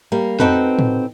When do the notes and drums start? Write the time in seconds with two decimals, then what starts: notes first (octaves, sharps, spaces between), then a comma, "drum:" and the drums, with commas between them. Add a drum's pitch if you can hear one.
0.12 G3 A#3
0.40 C4 D#4 F#4 A4 B4, drum: tom F2
0.79 drum: tom A2